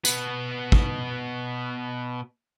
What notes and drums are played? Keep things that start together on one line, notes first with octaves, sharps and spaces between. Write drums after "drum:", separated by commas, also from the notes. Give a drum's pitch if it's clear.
B2 B3, drum: tambourine
drum: kick